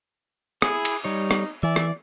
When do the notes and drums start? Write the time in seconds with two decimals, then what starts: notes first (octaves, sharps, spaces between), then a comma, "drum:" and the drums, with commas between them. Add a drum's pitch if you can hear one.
0.62 E4 G#4 D#6, drum: rim click
0.85 drum: cymbal
1.04 G3 D#4 C#5
1.31 drum: rim click
1.63 E3 D5 E5
1.76 drum: rim click